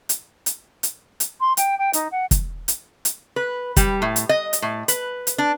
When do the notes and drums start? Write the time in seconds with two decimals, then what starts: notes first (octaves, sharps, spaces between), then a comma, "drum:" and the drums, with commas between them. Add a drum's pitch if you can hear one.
0.09 drum: hi-hat
0.46 drum: hi-hat
0.83 drum: hi-hat
1.20 drum: hi-hat
1.40 C6
1.57 G5, drum: hi-hat
1.78 G5
1.93 D#4, drum: hi-hat
2.11 F#5
2.31 drum: kick, hi-hat
2.68 drum: hi-hat
3.05 drum: hi-hat
3.36 B4
3.77 G3, drum: kick, hi-hat
4.02 A2
4.16 drum: hi-hat
4.29 D#5
4.53 drum: hi-hat
4.62 A2
4.88 B4, drum: hi-hat
5.27 drum: hi-hat
5.38 D4